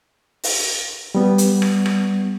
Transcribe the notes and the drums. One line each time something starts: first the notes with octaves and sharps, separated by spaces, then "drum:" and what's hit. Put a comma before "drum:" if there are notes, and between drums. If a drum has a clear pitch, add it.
drum: open hi-hat
G3 B3
drum: hi-hat
drum: rim click
drum: rim click